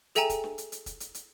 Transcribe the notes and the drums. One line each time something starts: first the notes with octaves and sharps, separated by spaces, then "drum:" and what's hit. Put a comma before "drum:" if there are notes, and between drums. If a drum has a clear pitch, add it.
G#4 A4 E5 G5 G#5 A#5, drum: hi-hat
drum: kick, hi-hat
drum: snare
drum: hi-hat
drum: hi-hat
drum: kick, hi-hat
drum: hi-hat
drum: hi-hat